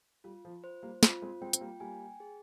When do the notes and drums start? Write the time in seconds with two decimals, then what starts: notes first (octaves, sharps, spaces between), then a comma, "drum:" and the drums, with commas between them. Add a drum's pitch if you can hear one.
0.24 G3 F4
0.45 F3
0.64 C5
0.83 G3 A#3
1.03 G#3 C4 F4, drum: snare
1.22 G#3 C4
1.41 G#3 C4 G5
1.53 C4, drum: hi-hat
1.61 G3 A#3
1.80 G3 A#3 G#5
2.20 G#4